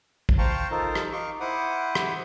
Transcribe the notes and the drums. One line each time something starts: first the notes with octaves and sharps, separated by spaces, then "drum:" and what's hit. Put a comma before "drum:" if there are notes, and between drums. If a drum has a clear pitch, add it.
drum: kick
C5 F5 G5 A5 A#5 C#6
D#4 F4 A4 A#4 C5
drum: rim click
D#4 F5 C#6 D6
E4 C5 F#5 D6 D#6
drum: rim click